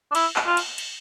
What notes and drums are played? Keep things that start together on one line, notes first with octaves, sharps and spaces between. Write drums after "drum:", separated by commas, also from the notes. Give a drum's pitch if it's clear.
D4
E4, drum: cymbal
drum: clap
F4
drum: cymbal
drum: cymbal